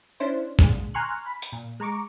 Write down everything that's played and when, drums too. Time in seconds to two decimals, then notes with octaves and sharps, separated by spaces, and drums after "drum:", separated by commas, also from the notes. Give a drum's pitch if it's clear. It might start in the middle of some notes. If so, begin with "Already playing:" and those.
0.20 C#4 D4 E4 C5
0.59 A#2 D3 G#3, drum: kick
0.94 G#5 A#5 C6 C#6 F6 F#6
1.26 B5
1.42 drum: hi-hat
1.52 A#2
1.80 G#3 A#5 C#6 D6